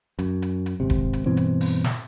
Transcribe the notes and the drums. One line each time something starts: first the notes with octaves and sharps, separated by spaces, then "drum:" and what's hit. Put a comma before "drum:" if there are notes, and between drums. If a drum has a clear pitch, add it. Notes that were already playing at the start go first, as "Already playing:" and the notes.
F#2, drum: hi-hat
drum: hi-hat
drum: hi-hat
G#1 C3
drum: kick E1, hi-hat
drum: hi-hat
G2 B2 E3 C4
drum: hi-hat
drum: open hi-hat
drum: snare